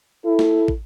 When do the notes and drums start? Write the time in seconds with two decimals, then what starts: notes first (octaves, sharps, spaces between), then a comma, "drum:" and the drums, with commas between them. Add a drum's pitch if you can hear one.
0.24 E4 A4
0.39 drum: snare
0.68 drum: kick